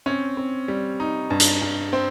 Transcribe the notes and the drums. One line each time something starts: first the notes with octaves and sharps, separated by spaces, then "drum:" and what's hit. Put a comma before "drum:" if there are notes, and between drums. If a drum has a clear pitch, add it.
C4 C#4
C4
G3
D#4
G2
drum: hi-hat
G2
C4